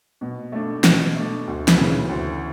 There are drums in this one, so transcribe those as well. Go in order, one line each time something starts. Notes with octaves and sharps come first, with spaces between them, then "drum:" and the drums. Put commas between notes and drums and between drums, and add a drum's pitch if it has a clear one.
B2
A3 D4
B2, drum: snare
A3 D4
D2
drum: snare
C#3 E3
D2